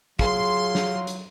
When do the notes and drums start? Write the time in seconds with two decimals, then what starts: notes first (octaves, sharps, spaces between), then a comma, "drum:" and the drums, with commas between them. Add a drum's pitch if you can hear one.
0.19 F#3 F4 G#4 C6, drum: kick
0.75 drum: snare
1.07 drum: hi-hat